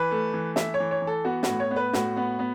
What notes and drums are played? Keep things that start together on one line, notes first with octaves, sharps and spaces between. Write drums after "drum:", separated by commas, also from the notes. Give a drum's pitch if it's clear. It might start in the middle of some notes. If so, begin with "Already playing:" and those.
Already playing: E3 B4
A3
E3
A3 E5, drum: snare
C#5
E3
C#5
E3
A4
B3 F#4
F#4, drum: snare
A2
C#5
B3
B4
A2 F#4, drum: snare
B3
B3